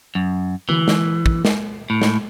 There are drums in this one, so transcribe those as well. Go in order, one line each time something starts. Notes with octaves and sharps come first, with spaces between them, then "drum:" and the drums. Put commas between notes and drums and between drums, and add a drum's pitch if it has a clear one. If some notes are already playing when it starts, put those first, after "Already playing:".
F#2
E3, drum: tom D3
drum: snare
drum: kick
drum: snare
A2
drum: snare